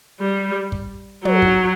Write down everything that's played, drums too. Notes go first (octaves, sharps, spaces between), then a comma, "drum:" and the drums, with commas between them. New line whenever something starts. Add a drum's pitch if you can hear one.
G3
drum: kick
F#3, drum: tom
drum: kick